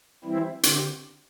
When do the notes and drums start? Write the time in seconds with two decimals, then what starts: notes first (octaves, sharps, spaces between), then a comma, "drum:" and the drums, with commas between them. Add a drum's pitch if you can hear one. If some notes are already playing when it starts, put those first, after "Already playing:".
0.24 E3 G3 C4 E4
0.63 D3 C4 G4, drum: hi-hat